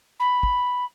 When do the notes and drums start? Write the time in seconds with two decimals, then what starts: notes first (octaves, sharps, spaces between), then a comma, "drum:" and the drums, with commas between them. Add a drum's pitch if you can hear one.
0.19 B5
0.43 drum: kick